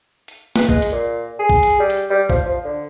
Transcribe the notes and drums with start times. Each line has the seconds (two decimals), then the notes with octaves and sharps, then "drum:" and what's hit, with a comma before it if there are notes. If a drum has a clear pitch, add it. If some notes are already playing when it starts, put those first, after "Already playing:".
0.28 drum: hi-hat
0.56 B4, drum: snare
0.69 G#3, drum: kick
0.82 drum: hi-hat
0.92 A#2
1.39 G#4
1.49 drum: kick
1.63 drum: hi-hat
1.79 G3
1.90 drum: hi-hat
2.10 G3
2.30 F3, drum: kick
2.45 F3
2.64 D3